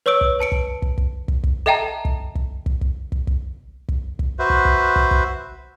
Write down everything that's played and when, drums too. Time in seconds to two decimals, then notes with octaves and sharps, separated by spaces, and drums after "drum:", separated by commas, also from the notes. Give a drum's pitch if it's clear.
0.06 B4 C#5 C#6 E6 D7
0.21 drum: kick
0.39 B4 A5 C#7 D7
0.52 drum: kick
0.82 drum: kick
0.98 drum: kick
1.28 drum: kick
1.44 drum: kick
1.66 A4 D#5 E5 G5 A5 A#5
2.05 drum: kick
2.35 drum: kick
2.66 drum: kick
2.81 drum: kick
3.12 drum: kick
3.27 drum: kick
3.88 drum: kick
4.19 drum: kick
4.39 F#4 B4 C5 E5
4.50 drum: kick
4.65 drum: kick
4.96 drum: kick
5.11 drum: kick